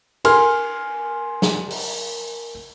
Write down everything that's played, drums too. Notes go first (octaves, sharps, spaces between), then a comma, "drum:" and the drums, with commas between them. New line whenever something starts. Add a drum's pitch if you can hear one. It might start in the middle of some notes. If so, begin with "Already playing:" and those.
A#4 G#5 C6 F6, drum: cymbal
drum: snare
drum: open hi-hat